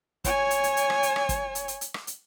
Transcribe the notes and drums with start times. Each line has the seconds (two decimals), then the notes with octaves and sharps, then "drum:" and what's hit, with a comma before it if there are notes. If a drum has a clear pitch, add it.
0.24 C#5 G#5, drum: kick, hi-hat
0.51 drum: hi-hat
0.64 drum: hi-hat
0.77 drum: hi-hat
0.90 drum: rim click
1.03 drum: hi-hat
1.16 drum: rim click
1.29 drum: kick, hi-hat
1.55 drum: hi-hat
1.68 drum: hi-hat
1.81 drum: hi-hat
1.94 drum: rim click
2.07 drum: hi-hat